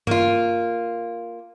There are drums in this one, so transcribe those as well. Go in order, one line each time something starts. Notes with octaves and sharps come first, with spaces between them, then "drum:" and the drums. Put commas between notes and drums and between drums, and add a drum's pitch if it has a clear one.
A#3 F4, drum: tom G2